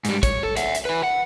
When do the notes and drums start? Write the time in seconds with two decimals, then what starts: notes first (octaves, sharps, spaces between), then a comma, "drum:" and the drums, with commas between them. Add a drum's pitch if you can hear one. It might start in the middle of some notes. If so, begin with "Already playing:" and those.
0.05 G#2 G3, drum: hi-hat
0.23 C#5, drum: kick, hi-hat
0.43 A4
0.57 E5 F#5, drum: hi-hat
0.75 drum: hi-hat
0.85 E4 B4
1.04 F#5